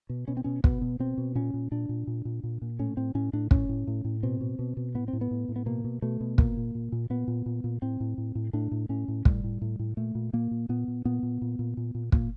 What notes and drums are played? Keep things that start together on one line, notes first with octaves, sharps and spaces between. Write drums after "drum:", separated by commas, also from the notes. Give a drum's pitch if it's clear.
B2
B2 C#4
C4
B2 C#4
B2 B3, drum: kick
B2
B2 C4
B2
A#2 C#4
A#2
A#2 D4
A#2
A#2
A#2
A#2
A#2
A2 C#4
A2 C4
A2 C#4
A2 D4
A2 C#4, drum: kick
A2
A2
A2
B2 C4
B2
B2
B2
A2 B3
C4
A2
B3
A2
A2
B3
B2 A#3
B2
B2 A3
B2
A#2 A#3, drum: kick
A#2
A#2
A#2
A#2 B3
A#2
A#2
A#2
A2 C4
A2
A2
A2
A2 D4
A2
A2 C#4
A2
A2 G3, drum: kick
A2
A2
A2
A#2 A3
A#2
A#2 A#3
A#2
A#2 B3
A#2
A#2 B3
A#2
A#2
A#2
A#2
A#2
A#2 A#3, drum: kick